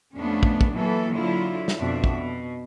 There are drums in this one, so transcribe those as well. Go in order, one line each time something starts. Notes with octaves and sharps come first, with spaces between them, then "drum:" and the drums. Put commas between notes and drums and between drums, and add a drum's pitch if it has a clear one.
F2 C3 A3 B3 C#4 D4
drum: kick
drum: kick
A#2 E3 F#3 A#3 B3 A4
D3 F#3 E4 F4
drum: snare
F2 B2 D4 F#4 E5
drum: kick
B2